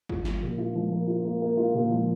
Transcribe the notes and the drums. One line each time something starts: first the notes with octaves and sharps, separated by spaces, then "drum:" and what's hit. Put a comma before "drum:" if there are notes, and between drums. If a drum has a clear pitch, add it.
F4, drum: kick G#1
F3, drum: snare
A#2
F4
F3
A#3
F4
A#3
A#3
F4
A#2
F3